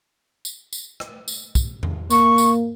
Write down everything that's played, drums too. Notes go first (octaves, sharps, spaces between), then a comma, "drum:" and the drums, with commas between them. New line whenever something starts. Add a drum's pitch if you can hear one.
drum: tambourine
drum: tambourine
drum: rim click
drum: tambourine
drum: kick, tambourine
drum: tom E2
A#3 C#6, drum: tambourine
drum: tambourine